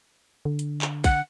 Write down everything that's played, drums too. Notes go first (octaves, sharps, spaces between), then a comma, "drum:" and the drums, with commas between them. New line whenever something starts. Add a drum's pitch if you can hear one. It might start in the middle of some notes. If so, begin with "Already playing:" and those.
D3
drum: hi-hat
drum: clap
F#5, drum: kick, hi-hat